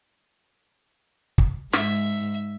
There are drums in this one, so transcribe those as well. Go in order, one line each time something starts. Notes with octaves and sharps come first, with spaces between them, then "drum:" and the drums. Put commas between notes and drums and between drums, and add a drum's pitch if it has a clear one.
drum: kick
G#2 E5, drum: snare